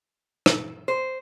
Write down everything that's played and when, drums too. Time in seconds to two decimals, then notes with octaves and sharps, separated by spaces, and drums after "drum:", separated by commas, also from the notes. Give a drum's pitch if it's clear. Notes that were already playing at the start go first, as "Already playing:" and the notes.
0.46 drum: rim click
0.88 C5